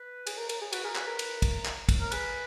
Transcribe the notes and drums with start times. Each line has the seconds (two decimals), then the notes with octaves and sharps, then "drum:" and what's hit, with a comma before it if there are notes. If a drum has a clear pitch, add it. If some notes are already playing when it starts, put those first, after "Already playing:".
Already playing: B4
0.27 G#4, drum: cymbal
0.38 A#4
0.49 A#4, drum: cymbal
0.61 G#4
0.73 F#4 B4, drum: cymbal
0.84 G#4 A#4
0.95 G#4 B4, drum: clap
1.07 A#4
1.19 drum: cymbal
1.42 drum: kick, cymbal
1.65 drum: clap
1.89 drum: kick, cymbal
2.01 A#4
2.12 G#4 B4, drum: cymbal